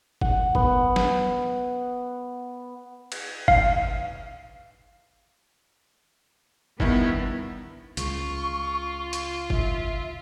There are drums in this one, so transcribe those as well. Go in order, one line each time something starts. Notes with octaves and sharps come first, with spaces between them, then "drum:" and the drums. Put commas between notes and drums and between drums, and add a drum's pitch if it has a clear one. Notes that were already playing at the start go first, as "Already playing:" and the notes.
F#5, drum: kick G1
B3, drum: kick G1
drum: snare
drum: cymbal
F5, drum: kick G1
G2 D#3 B3 E4, drum: kick G1
C#2 G#3 F4 C#6, drum: hi-hat
drum: hi-hat
E5, drum: kick G1